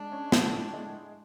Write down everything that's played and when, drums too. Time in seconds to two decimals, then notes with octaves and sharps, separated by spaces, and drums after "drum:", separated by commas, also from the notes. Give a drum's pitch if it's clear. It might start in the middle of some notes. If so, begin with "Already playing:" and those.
Already playing: G#3 D4
0.12 C#4
0.32 A2, drum: snare
0.53 A2
0.73 G#3